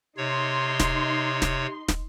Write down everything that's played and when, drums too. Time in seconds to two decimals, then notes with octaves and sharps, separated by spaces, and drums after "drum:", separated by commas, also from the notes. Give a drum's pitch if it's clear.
0.17 C3 D#4 C#5 C6
0.80 drum: snare
1.42 drum: snare
1.88 drum: snare